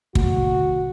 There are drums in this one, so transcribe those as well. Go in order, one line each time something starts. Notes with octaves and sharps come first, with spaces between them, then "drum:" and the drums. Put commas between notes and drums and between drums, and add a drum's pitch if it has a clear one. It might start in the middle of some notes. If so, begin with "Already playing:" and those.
B2 D3 A3 F#4, drum: kick